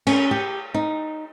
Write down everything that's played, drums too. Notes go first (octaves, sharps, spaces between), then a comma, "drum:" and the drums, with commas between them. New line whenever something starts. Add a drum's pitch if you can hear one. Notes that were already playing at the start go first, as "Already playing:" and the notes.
C#4, drum: cymbal
G4
D#4